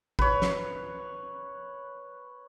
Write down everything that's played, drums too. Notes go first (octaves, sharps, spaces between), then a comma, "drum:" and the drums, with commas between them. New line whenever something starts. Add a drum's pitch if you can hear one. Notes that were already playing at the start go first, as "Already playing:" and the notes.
B4 C#5, drum: kick A1
drum: snare